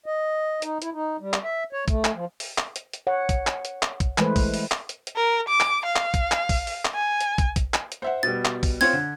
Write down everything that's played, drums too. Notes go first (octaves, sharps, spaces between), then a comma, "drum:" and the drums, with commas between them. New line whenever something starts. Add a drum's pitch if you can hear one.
D#5
D#4, drum: hi-hat
E4, drum: hi-hat
D#4
G3
drum: clap
E5
C#5
A3, drum: kick, hi-hat
drum: clap
F3
drum: open hi-hat
drum: clap
drum: hi-hat
drum: hi-hat
C#5 F#5
drum: kick, hi-hat
drum: clap
drum: hi-hat
drum: clap
drum: kick, hi-hat
E3 G#3 A3 B4 C5, drum: clap
drum: kick, open hi-hat
drum: open hi-hat
drum: clap
drum: hi-hat
drum: hi-hat
A#4
D6
drum: clap
F5
drum: clap
drum: kick, hi-hat
drum: clap
drum: kick, open hi-hat
drum: open hi-hat
drum: clap
G#5
drum: hi-hat
drum: kick, hi-hat
drum: kick, hi-hat
drum: clap
drum: hi-hat
C5 E5 F#5
B2 G3 A6
drum: clap
drum: kick, open hi-hat
C4 F4 C#5 G#6, drum: open hi-hat
D3